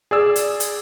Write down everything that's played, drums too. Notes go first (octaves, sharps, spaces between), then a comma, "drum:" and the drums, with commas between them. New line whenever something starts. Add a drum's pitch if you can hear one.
G#4 D5 E6
drum: hi-hat
drum: hi-hat